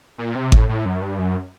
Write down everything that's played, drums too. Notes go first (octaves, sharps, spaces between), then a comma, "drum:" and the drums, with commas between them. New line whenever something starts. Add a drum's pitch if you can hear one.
A#2
C3
A2, drum: kick G#1
A2
F#2
G2
F#2